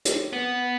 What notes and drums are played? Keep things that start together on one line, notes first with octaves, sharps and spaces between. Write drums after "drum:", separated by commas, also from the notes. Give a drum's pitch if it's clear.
drum: hi-hat
B3